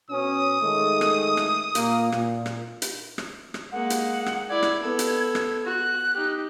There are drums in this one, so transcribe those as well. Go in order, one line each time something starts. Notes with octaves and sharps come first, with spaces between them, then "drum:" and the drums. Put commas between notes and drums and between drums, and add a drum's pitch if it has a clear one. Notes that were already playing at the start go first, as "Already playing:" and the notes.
B2 C#4 D#6
D#3 G#3 A3
drum: rim click
drum: rim click
A#2 A#3, drum: hi-hat
A#2, drum: rim click
drum: rim click
drum: hi-hat
drum: rim click
drum: rim click
G#3 A#3 F#5
drum: hi-hat
drum: rim click
E4 D5 G#6
drum: rim click
B3 A4
drum: hi-hat
drum: rim click
F#4 F#6
D#4 G4